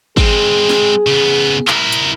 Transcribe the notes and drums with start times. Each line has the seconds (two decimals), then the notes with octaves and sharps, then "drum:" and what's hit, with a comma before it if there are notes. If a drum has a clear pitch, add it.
0.17 G#3 C4 G#4, drum: kick
0.69 drum: snare
1.07 C#3 B3
1.68 E4 A#4, drum: clap
1.92 drum: hi-hat